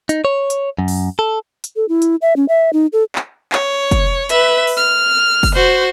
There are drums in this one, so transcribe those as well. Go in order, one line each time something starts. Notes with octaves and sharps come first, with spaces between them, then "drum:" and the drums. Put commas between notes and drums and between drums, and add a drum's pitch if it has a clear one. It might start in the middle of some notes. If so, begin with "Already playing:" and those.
D#4, drum: hi-hat
C#5
drum: hi-hat
F#2
drum: open hi-hat
A4
drum: hi-hat
A4
E4
drum: hi-hat
E5
C#4
E5
D#4
A4
drum: clap
C#5, drum: clap
drum: kick, hi-hat
B4 E5, drum: hi-hat
drum: open hi-hat
F6
drum: kick, open hi-hat
F#4 C5